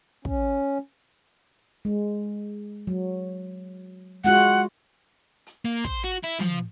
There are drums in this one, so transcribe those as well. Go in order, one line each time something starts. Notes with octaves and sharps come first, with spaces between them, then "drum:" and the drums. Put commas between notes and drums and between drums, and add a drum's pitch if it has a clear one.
C#4, drum: kick
G#3
F#3
G#3 F4 F#4 F#5
drum: hi-hat
A#3
C5, drum: kick
F#4
E4
F3, drum: tom